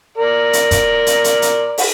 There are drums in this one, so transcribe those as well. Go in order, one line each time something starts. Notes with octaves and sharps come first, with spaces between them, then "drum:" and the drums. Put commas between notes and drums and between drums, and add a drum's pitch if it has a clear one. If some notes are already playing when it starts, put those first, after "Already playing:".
A#4 D5
drum: hi-hat
drum: kick, hi-hat
drum: hi-hat
drum: hi-hat
drum: hi-hat
drum: open hi-hat